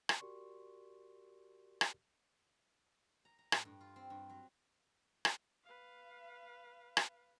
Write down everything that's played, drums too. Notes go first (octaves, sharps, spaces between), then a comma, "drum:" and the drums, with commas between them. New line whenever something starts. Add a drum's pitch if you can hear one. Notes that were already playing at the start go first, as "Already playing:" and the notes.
drum: rim click
F#4 G4 A#4 D5 C6 C#6
drum: rim click
A#5
A#5
A2, drum: rim click
G2
F4
C4
G2
F#3
drum: rim click
B4 F5
drum: rim click